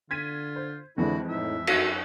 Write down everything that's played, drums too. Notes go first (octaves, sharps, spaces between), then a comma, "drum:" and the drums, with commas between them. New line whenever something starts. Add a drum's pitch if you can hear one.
D3 F4 G#6 B6 D#7
C5
F2 D3 E3 G#3 E4 F#4
A2 D#4 E4 E5
F#2 F#4, drum: cymbal